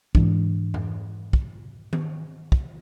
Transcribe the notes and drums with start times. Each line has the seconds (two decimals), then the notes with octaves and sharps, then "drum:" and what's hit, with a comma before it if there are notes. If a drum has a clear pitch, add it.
0.15 G#2 E3 D4, drum: kick
0.74 drum: tom F2
1.33 drum: kick
1.93 drum: tom D#3
2.52 drum: kick